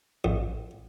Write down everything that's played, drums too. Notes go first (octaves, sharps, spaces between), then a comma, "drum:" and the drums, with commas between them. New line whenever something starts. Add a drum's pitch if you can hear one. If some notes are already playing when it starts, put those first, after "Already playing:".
A1, drum: kick A1